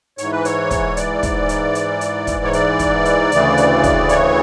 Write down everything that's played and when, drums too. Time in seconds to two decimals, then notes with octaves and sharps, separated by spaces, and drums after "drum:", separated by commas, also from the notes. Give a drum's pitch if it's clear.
0.18 G#2 E3 C#5, drum: hi-hat
0.32 B4
0.45 C#5, drum: hi-hat
0.71 drum: kick, hi-hat
0.97 D5, drum: hi-hat
1.23 drum: kick, hi-hat
1.49 drum: hi-hat
1.75 drum: hi-hat
2.01 drum: hi-hat
2.27 drum: kick, hi-hat
2.44 C#5
2.53 D5, drum: hi-hat
2.79 drum: kick, hi-hat
3.05 drum: hi-hat
3.32 D2 C#3 E3, drum: hi-hat
3.57 drum: hi-hat
3.84 drum: kick, hi-hat
4.09 C#5, drum: hi-hat